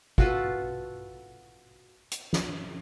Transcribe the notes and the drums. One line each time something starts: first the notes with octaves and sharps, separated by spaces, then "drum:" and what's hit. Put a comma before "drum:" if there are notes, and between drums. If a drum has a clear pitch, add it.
F4 F#4 A4 B4, drum: kick
drum: hi-hat
drum: snare